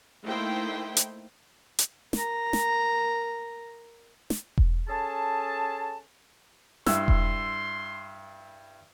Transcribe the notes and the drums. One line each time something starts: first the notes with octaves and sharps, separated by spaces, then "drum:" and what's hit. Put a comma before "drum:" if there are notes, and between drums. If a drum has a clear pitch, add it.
A3 A#3 D#4 E4 C5 G5
drum: hi-hat
drum: hi-hat
A#4 A#5, drum: snare
drum: snare
drum: snare
drum: kick E1
C#4 G#4 A4 A5
G2 E4 C6 E6, drum: snare
drum: kick E1